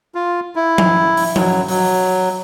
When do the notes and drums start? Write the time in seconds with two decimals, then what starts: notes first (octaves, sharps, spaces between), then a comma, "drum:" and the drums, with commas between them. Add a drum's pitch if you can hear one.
0.15 F4
0.56 E4
0.78 drum: tom F3
1.17 drum: open hi-hat
1.36 F#3, drum: tom F3
1.68 F#3, drum: open hi-hat